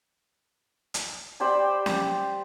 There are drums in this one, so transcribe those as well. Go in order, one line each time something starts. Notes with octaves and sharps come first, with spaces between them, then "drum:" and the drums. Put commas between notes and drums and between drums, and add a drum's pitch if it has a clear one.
drum: hi-hat
G4 C5 D5 B5
drum: snare C#4